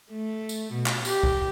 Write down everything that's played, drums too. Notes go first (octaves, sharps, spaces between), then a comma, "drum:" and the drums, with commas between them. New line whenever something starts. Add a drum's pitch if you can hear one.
A3
drum: tambourine
B2
drum: clap
G4, drum: tambourine
drum: kick